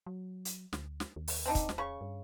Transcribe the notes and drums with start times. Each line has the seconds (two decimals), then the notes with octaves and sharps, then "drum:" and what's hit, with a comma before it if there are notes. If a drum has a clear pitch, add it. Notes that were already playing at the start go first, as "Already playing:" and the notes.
0.06 F#3
0.45 drum: hi-hat
0.73 D2, drum: snare
1.00 drum: snare
1.16 D#2
1.28 drum: open hi-hat
1.46 C4 D4 D#4
1.55 drum: kick, hi-hat
1.69 drum: snare
1.78 C#3 C#6
2.01 G2